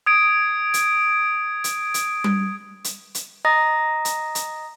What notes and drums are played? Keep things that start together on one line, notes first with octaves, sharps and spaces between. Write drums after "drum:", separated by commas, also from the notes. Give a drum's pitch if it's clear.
D#6 G#6 D7
drum: hi-hat
drum: hi-hat
drum: hi-hat
drum: tom G3
drum: hi-hat
drum: hi-hat
D#5 A#5 D#6 A#6
drum: hi-hat
drum: hi-hat